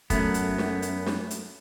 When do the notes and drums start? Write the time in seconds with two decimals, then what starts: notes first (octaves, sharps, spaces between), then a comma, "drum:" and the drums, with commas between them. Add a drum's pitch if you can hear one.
0.10 F#2 A3 B3, drum: kick, hi-hat
0.34 drum: hi-hat
0.58 drum: snare
0.82 drum: hi-hat
1.06 drum: snare
1.31 drum: hi-hat